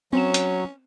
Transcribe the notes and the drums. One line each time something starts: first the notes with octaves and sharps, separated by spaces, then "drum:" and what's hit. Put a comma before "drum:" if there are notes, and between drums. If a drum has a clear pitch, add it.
F#3 C4 C#4 E7
drum: hi-hat